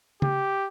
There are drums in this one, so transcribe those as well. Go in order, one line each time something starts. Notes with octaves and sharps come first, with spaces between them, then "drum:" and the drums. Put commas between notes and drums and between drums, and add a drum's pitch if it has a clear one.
G4, drum: tom